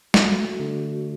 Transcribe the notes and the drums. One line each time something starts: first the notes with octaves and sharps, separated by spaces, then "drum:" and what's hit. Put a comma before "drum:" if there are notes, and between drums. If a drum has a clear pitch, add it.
A3 F#4, drum: snare
D3